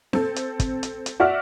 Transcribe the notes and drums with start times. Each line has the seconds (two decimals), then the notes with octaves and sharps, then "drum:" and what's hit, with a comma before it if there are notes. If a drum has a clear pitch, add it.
0.13 C4 A4, drum: snare C4
0.36 drum: hi-hat
0.60 drum: kick, hi-hat
0.83 drum: hi-hat
1.06 drum: hi-hat
1.20 F#4 D5 E5 F#5 F6